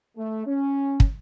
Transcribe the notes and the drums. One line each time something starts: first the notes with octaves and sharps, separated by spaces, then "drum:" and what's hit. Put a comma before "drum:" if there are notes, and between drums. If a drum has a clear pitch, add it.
A3
C#4
drum: kick